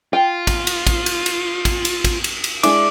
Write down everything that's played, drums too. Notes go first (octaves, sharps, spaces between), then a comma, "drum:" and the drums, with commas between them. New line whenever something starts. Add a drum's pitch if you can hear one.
F4 G5
drum: kick, cymbal
drum: cymbal
drum: kick, cymbal
drum: cymbal
drum: cymbal
drum: kick, cymbal
drum: cymbal
drum: kick, cymbal
drum: cymbal
drum: cymbal
G#3 D4 E4 D6, drum: cymbal